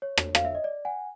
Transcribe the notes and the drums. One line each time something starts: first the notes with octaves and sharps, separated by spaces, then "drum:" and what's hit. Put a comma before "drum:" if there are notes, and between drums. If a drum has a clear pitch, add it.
C#5
drum: rim click
F5, drum: rim click
E5
D#5
D5
F#5 G#5